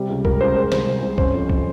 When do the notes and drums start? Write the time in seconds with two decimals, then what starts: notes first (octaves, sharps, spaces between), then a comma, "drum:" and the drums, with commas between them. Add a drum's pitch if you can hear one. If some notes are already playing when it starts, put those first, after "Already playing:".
Already playing: C3 G3
0.10 C#2
0.25 C#2 A#4, drum: kick C2
0.40 C#2 C5
0.56 G#3 C5
0.72 C2 C5, drum: snare
0.87 C2
1.02 C2
1.18 C#4 C5, drum: kick C2
1.34 F2
1.49 drum: kick C2